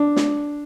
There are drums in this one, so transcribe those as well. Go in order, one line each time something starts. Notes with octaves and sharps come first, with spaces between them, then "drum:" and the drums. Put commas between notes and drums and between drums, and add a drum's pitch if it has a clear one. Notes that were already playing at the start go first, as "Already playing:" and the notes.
Already playing: D4
drum: snare